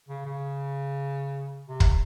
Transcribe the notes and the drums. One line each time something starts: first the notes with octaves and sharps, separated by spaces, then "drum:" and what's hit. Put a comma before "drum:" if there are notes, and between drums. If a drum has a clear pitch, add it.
C#3
C#3
C3
drum: kick